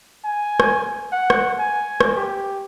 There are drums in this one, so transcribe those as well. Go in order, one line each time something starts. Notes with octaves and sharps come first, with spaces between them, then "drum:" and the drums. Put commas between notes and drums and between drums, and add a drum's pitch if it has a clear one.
G#5
drum: rim click
F#5
drum: rim click
G#5
drum: rim click
G4